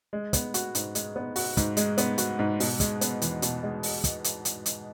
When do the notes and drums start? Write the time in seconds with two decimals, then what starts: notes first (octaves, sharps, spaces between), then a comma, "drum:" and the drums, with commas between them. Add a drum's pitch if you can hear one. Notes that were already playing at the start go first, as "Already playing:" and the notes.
0.13 G#3
0.33 B3, drum: kick, hi-hat
0.54 F#4, drum: hi-hat
0.75 G#2, drum: hi-hat
0.95 G#3, drum: hi-hat
1.16 B3
1.36 F#4, drum: open hi-hat
1.57 G#2, drum: kick, hi-hat
1.77 G#3, drum: hi-hat
1.98 B3, drum: hi-hat
2.18 F#4, drum: hi-hat
2.39 G#2
2.60 B2, drum: open hi-hat
2.80 G#3, drum: kick, hi-hat
3.01 B3, drum: hi-hat
3.22 E2, drum: hi-hat
3.42 B2, drum: hi-hat
3.63 G#3
3.83 drum: open hi-hat
4.04 drum: kick, hi-hat
4.24 drum: hi-hat
4.45 drum: hi-hat
4.66 drum: hi-hat